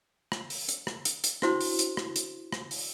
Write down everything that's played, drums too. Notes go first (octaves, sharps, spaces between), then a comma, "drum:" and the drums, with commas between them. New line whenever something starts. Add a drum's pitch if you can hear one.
drum: rim click
drum: open hi-hat
drum: hi-hat
drum: rim click
drum: hi-hat
drum: hi-hat
C#4 D4 E4 F#4 C5 C6, drum: rim click
drum: open hi-hat
drum: hi-hat
drum: rim click
drum: hi-hat
drum: rim click
drum: open hi-hat